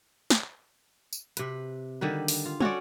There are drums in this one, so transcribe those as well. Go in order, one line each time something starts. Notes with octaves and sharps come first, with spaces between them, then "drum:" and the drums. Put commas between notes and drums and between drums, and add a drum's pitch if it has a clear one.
drum: snare
drum: tambourine
C3 B4, drum: hi-hat
D3 D#3 G3 B4
drum: open hi-hat
F4
C#4 F#4 A4 D5, drum: tom